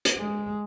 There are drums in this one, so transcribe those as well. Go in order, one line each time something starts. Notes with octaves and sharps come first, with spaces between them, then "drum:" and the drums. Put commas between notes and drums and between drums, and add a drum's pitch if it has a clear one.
drum: hi-hat
G#3